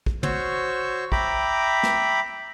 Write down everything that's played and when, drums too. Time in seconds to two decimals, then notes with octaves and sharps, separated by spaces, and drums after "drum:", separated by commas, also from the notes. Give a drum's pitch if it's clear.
0.06 drum: kick
0.23 F#4 C5 C#5 C#6 E6 G6, drum: tom
1.12 E5 G5 A#5 B5 D6, drum: kick
1.83 drum: snare